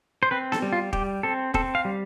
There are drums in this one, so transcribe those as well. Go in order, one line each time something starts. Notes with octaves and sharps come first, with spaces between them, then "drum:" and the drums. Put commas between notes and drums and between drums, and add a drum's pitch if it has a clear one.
C5
C4 B4
A4, drum: snare B3
G3
F4
G3 G4, drum: kick E1
C4 A4
C4 A4, drum: kick E1
F5
G3